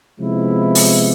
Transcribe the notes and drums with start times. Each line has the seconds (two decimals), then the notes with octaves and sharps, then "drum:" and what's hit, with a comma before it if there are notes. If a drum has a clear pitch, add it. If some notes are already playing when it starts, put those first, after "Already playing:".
0.19 C3 F3 G#3 B3 E4
0.75 drum: open hi-hat